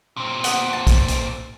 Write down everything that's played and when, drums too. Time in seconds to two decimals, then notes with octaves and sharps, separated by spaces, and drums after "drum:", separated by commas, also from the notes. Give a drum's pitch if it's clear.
0.17 A#2 C4
0.44 B3, drum: hi-hat
0.73 A5
0.87 drum: kick, hi-hat
1.08 drum: hi-hat